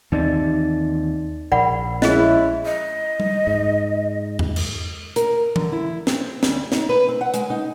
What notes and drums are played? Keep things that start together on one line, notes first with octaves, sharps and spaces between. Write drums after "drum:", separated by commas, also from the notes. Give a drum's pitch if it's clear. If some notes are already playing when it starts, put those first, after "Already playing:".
D#2 E3 C4 D#4 D5 A6
A#1 A#4 D5 F#5 B5
G#3 C#4 E4 G#4 D#5 F#6 B6, drum: snare
D#5
drum: tom G3
G#2
drum: tom E2
drum: cymbal
A#4, drum: hi-hat
D3, drum: tom E3
E4
C4, drum: snare
D2, drum: snare
D#4, drum: snare
B4
C4
F#5
G#3, drum: hi-hat
D#4